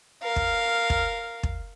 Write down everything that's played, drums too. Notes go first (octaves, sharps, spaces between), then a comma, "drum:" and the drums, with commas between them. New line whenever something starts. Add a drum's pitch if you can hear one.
A#4 F5
drum: kick
drum: kick
drum: kick